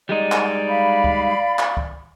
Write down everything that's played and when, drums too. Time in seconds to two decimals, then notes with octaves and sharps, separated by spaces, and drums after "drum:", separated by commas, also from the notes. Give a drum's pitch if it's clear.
0.09 G3 G#3 D#4 D5
0.32 drum: clap
0.68 F5 B5
1.04 drum: kick C#2
1.59 drum: clap
1.77 drum: kick C#2